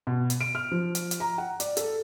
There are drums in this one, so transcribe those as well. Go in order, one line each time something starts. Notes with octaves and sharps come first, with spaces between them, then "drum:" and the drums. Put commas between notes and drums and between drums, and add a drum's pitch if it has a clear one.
B2
drum: hi-hat
D7
F6
F3
drum: hi-hat
drum: hi-hat
A#5
F#5
D5, drum: hi-hat
A4, drum: hi-hat